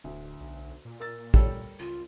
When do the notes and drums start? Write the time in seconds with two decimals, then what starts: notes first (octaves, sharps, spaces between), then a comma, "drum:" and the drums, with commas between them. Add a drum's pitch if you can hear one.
0.04 D1 D2
0.40 B1
0.85 A#2
1.00 A#4 E6 A6
1.34 G3 A4 C#5, drum: kick A1
1.80 C#2 F4